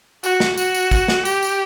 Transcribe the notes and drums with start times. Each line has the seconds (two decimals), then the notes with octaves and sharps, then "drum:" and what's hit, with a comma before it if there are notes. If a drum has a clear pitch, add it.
0.24 F#4, drum: tambourine
0.40 drum: snare
0.57 F#4, drum: tambourine
0.74 drum: tambourine
0.91 drum: kick, tambourine
1.08 drum: snare
1.25 G4, drum: tambourine
1.42 drum: tambourine